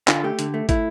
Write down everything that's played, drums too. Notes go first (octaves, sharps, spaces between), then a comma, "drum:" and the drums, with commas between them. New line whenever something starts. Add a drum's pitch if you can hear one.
D3 F4, drum: clap
A3 G4
D3, drum: hi-hat
A3
A3 E4, drum: kick, hi-hat